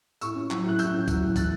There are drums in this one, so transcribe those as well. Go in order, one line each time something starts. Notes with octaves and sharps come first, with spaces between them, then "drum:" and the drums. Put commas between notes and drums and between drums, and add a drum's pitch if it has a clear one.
A2 C#6 E6, drum: tambourine
C#4
F#3, drum: clap
A2 F#6
A2 E6 G6, drum: tambourine
C#4
F#3, drum: kick, tambourine
A2
E3 F#6 A6, drum: kick, tambourine